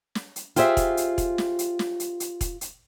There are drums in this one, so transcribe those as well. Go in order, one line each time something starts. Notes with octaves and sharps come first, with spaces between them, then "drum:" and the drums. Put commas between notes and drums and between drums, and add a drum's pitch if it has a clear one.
drum: snare
drum: hi-hat
F4 G4 G#4 C5 E5, drum: hi-hat
drum: kick E1, hi-hat
drum: hi-hat
drum: kick E1, hi-hat
drum: snare
drum: hi-hat
drum: snare
drum: hi-hat
drum: hi-hat
drum: kick E1, hi-hat
drum: hi-hat